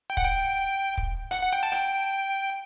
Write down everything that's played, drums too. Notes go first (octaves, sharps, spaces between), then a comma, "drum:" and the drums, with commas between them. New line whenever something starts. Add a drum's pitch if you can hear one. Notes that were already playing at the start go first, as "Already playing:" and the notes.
G5
F#5, drum: kick
G5
drum: kick
F#5, drum: hi-hat
F#5
G5
A5
G5, drum: hi-hat